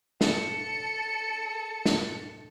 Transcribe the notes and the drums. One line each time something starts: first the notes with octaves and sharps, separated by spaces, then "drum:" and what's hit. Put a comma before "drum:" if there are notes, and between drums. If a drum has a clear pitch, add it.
A4 C#7, drum: snare
drum: snare